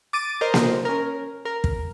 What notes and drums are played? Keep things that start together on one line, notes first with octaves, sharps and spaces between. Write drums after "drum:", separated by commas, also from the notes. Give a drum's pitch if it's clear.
D6 A6 D#7
A#4 C5 D#5
drum: snare A#3
C#4 A#4
A#4
drum: kick